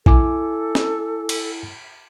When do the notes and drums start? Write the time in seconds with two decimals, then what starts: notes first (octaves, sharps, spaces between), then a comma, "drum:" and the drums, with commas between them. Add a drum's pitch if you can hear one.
0.06 E4 A4 G#5 D6, drum: kick
0.75 drum: snare
1.29 drum: cymbal